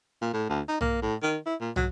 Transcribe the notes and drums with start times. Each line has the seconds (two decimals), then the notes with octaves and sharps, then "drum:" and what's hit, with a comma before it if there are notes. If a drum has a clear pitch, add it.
0.21 A#2
0.33 A2
0.49 D2
0.68 D#4
0.81 A#3, drum: tom
1.02 A2
1.22 D#3
1.46 E4
1.61 A#2
1.76 F#3, drum: tom